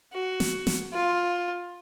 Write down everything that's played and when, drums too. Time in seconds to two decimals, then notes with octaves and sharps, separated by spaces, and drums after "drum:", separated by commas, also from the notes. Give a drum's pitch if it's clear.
0.13 F#4
0.40 drum: snare
0.67 drum: snare
0.93 F4